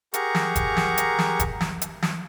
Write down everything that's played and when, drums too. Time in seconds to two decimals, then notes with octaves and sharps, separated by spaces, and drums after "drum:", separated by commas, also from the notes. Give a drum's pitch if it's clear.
0.14 G4 G#4 A#4 F#5 A#5 C#6, drum: hi-hat
0.35 drum: snare
0.56 drum: kick F1, hi-hat
0.77 drum: snare
0.98 drum: hi-hat
1.19 drum: snare
1.40 drum: kick F1, hi-hat
1.61 drum: snare
1.82 drum: hi-hat
2.02 drum: snare